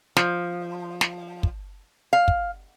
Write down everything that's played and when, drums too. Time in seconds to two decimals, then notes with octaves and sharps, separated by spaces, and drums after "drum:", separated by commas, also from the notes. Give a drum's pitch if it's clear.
0.16 F3, drum: snare
1.01 drum: snare
1.43 drum: kick
2.13 F5
2.28 drum: kick